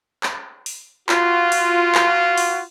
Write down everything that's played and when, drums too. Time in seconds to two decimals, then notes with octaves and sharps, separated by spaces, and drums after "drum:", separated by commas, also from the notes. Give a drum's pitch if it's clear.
0.23 drum: clap
0.66 drum: open hi-hat
1.09 F4 F#4, drum: clap
1.52 drum: open hi-hat
1.95 drum: clap
2.38 drum: open hi-hat